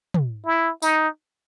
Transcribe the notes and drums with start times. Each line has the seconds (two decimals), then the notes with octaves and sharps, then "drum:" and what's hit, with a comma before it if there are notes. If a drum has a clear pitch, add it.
0.14 drum: tom
0.46 E4
0.82 D#4, drum: tambourine